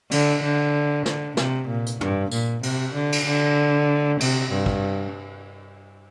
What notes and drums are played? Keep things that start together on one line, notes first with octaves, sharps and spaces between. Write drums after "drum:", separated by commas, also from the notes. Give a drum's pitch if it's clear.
D3, drum: cymbal
D3
D3, drum: snare
C3, drum: snare
A#2
drum: hi-hat
G2, drum: tom
A#2, drum: tambourine
C3, drum: cymbal
D3
drum: cymbal
D3
C3, drum: cymbal
G2
drum: kick